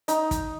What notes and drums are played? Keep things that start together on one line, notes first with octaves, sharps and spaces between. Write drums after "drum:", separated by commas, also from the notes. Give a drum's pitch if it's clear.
D#4, drum: hi-hat
drum: kick, hi-hat